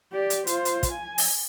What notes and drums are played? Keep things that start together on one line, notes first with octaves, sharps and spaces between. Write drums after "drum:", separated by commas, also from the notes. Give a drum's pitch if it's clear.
G4 D5
drum: hi-hat
F4 C5, drum: hi-hat
drum: hi-hat
drum: kick, hi-hat
G#5
drum: open hi-hat